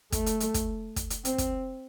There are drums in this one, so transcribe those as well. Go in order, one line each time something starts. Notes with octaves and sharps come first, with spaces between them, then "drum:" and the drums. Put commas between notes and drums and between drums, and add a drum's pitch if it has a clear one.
A3, drum: kick, hi-hat
drum: hi-hat
drum: hi-hat
drum: kick, hi-hat
drum: kick, hi-hat
drum: hi-hat
C4, drum: hi-hat
drum: kick, hi-hat